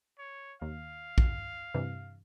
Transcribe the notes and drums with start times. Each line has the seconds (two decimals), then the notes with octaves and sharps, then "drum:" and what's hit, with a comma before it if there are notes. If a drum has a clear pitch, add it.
0.18 C#5
0.62 D#2 F5
1.18 drum: kick
1.74 G2 C3 E3